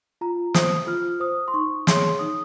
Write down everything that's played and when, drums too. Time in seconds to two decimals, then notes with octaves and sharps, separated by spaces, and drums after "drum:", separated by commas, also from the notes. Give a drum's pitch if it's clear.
0.21 F4 A#5
0.54 C5 D#6, drum: snare
0.87 F4 F6
1.20 C5 D#6
1.48 C6
1.54 D#4 C#6
1.87 G#4 C#5 C6, drum: snare
2.19 D#4 D#6